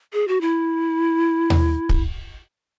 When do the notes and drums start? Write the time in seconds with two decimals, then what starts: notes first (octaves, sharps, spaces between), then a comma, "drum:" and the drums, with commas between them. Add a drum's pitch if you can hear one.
0.13 G#4
0.28 F#4
0.41 E4
1.50 drum: tom D#2
1.89 drum: kick